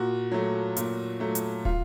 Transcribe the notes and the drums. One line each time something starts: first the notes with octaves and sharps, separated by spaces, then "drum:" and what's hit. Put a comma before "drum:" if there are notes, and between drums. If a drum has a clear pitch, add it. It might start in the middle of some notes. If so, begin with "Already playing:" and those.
Already playing: A#2 F#4
F#3 A3
A#2, drum: hi-hat
F#3 A3
drum: hi-hat
F4, drum: kick